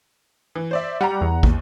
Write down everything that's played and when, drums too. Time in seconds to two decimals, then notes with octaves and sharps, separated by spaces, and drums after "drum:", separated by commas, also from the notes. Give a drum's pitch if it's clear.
0.55 E3
0.71 C5 D5 E5
1.01 G3 F#5 A#5
1.21 E2
1.43 D#2, drum: kick